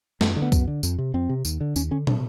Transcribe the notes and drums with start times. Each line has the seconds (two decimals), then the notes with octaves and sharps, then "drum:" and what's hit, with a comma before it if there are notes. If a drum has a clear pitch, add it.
0.21 F#2 A3, drum: snare
0.36 D3
0.42 B3
0.52 F#2, drum: kick C2, tambourine
0.67 D3
0.83 F2, drum: tambourine
0.98 C3
1.14 F2 C4
1.29 C3
1.45 D#2, drum: tambourine
1.61 D3
1.76 D#2 C#4, drum: tambourine
1.91 D3 C#4
2.07 D4, drum: tom